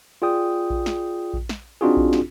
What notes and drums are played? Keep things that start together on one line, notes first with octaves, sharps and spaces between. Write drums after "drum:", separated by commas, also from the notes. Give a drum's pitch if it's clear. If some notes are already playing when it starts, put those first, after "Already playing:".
F4 G#4 D5 G5 D#6
drum: kick A#1
drum: snare
drum: kick A#1
drum: snare
C4 D4 D#4 F4 F#4 G#4
drum: kick A#1
drum: snare